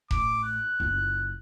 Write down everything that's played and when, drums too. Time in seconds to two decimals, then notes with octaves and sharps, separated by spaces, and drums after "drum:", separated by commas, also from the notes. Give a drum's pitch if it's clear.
0.11 A1 A2 D6, drum: kick E1
0.44 F#6
0.80 F#1 F4